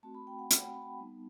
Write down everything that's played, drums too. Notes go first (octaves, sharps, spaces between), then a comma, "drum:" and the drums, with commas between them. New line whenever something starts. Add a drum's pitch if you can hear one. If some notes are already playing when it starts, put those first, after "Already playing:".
A3 C4 F#4 A5
B5
G5
F#5
F#5, drum: hi-hat
G5
B5
A5
G3 B3 D#4